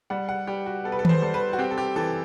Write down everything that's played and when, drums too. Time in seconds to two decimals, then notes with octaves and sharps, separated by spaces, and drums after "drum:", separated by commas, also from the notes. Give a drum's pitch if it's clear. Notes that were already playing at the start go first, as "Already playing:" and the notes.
0.10 G3 F#5
0.29 F#5
0.47 G3 G4
0.66 F#4
0.84 B3 A4
0.92 B4
0.99 A4
1.05 B4, drum: tom D#3
1.09 C5
1.22 G3 A4
1.34 B4
1.53 F#4
1.59 C4 G4
1.71 A4
1.78 G4
1.96 E3 A4